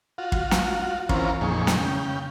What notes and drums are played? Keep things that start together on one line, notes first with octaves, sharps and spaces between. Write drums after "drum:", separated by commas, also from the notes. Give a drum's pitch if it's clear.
F4 F#4
drum: kick
drum: snare
E3 C4 C#4 F4 A#4, drum: kick
F2 A#2 D#3 G#4 C#6
drum: snare
C#3 G5